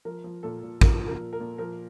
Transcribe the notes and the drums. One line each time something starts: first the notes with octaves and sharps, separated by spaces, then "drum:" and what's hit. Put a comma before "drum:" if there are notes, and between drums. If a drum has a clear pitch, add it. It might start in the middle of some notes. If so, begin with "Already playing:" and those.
F3 A#4
F3
A#2 A4
A#2
F3 A#4, drum: kick
F3
A#4
A#2
A#4
A#2
F3 A#4